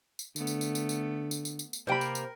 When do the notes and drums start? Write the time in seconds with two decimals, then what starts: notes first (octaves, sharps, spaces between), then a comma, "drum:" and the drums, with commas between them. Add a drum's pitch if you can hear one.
0.19 drum: tambourine
0.36 D3 A3 B3, drum: tambourine
0.47 drum: tambourine
0.61 drum: tambourine
0.75 drum: tambourine
0.89 drum: tambourine
1.31 drum: tambourine
1.45 drum: tambourine
1.59 drum: tambourine
1.73 drum: tambourine
1.87 C3 A#3 A#4 C5 G5 B5
2.01 drum: tambourine
2.15 drum: tambourine